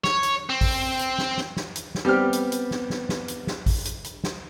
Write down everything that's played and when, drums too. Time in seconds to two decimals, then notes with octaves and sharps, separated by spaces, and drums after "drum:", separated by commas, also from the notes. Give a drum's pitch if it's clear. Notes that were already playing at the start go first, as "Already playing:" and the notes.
0.04 C#5, drum: snare
0.23 drum: hi-hat
0.50 C4
0.61 drum: kick G#1, open hi-hat
0.99 drum: hi-hat
1.18 drum: snare
1.37 drum: snare
1.56 drum: snare
1.76 drum: hi-hat
1.95 drum: snare
2.05 G3 B3 C4 G4 F6
2.33 drum: hi-hat
2.52 drum: hi-hat
2.71 drum: snare
2.90 drum: snare
3.09 drum: snare
3.28 drum: hi-hat
3.47 drum: snare
3.66 drum: kick G#1, open hi-hat
3.85 drum: hi-hat
4.04 drum: hi-hat
4.24 drum: snare